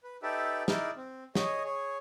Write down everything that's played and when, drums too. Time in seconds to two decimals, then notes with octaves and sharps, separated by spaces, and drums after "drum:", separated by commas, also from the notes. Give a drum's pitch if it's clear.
0.03 B4
0.23 D#4 G4 A4 B4 D5 E5
0.68 D#4 E4 G#4 A#4 D5, drum: snare
0.96 C4
1.35 G#4 C#5 D#5, drum: snare
1.64 G#4 C#5